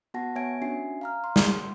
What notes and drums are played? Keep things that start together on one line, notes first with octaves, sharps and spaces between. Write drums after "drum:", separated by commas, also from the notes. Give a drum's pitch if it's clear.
B3 F#4 F#5 A5 A#6
B3 C#5 E5 G#5 G#6 D7
C#4 D4 F#4 E5 G#5 C7
F5 A#5 F6
C6
drum: snare